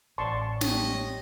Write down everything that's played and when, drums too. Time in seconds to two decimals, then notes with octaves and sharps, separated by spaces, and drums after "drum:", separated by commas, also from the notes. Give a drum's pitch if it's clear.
0.18 A1 C#4 D5 A5 C6 C#6
0.61 G4 C#5 D#5, drum: snare